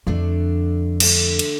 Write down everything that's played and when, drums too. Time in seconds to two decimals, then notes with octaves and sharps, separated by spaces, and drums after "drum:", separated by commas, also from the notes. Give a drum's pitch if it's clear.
0.07 F2 D3 A3 D4
1.00 D3 A3 D4, drum: cymbal
1.39 drum: cymbal